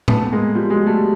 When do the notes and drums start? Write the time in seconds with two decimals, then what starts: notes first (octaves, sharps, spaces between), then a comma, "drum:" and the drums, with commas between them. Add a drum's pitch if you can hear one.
0.08 A3 B3, drum: tom A2
0.24 A3
0.32 G#3 A#3
0.55 F3 G3
0.70 F#3 G#3
0.86 G3 A3